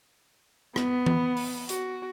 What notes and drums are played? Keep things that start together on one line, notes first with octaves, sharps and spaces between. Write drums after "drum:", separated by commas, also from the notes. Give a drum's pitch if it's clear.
B3, drum: rim click
drum: tom E3
drum: open hi-hat
F#4, drum: hi-hat